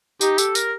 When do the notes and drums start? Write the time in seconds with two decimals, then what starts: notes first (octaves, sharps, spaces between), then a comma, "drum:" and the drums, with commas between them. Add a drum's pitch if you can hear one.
0.21 D#4 G4, drum: tambourine
0.38 A4, drum: tambourine
0.55 A#4, drum: tambourine